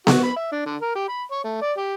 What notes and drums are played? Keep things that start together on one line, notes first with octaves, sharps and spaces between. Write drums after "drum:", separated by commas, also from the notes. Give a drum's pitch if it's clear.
F#4, drum: snare B3
B5
E5
D4
D3
A#4
G4
B5
C#5
A3
D5
G4